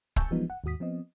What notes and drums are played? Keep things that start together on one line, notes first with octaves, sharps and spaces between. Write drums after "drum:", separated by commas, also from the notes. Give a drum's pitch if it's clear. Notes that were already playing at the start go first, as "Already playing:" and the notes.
G#5 A5 C#6 E6 G6, drum: kick
E3 F3 G3 G#3 B3 D#4
F#5
D#2 G#2 F#4 D#6 B6
F3 B3 C4 D#5